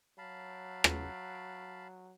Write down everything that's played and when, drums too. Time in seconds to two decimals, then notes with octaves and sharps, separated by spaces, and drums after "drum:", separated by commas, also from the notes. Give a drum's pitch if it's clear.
0.18 F#3 F5 A5 B5
0.84 drum: rim click